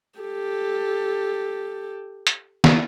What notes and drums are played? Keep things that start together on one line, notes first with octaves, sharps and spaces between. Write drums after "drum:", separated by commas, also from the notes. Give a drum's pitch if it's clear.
G4 A4
drum: hi-hat
drum: snare